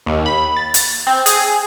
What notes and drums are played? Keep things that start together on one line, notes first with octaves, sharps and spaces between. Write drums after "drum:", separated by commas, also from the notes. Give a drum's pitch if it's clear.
D#2
B5
A6
drum: hi-hat
C4
G#4, drum: hi-hat